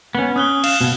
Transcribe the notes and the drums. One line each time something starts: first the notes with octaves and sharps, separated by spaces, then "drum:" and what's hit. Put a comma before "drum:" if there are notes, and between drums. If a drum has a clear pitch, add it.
B3 C#4
C#4 D#6 F#6 G7
F5 E7, drum: cymbal
B2